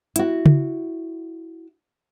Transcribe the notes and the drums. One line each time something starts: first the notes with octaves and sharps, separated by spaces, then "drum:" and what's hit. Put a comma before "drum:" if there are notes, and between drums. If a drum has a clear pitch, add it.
E4 F#4, drum: hi-hat
drum: tom C#3